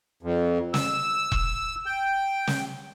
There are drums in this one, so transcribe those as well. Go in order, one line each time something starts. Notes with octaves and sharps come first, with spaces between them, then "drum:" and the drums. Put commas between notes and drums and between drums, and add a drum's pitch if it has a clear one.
F2
E6, drum: snare
drum: kick E1
G5
drum: snare